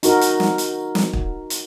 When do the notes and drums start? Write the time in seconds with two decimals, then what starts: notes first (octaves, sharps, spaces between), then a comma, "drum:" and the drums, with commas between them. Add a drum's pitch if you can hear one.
0.03 D#4 F#4 A#4, drum: hi-hat
0.21 drum: hi-hat
0.40 drum: snare
0.58 drum: hi-hat
0.95 drum: snare
1.13 drum: kick
1.50 drum: hi-hat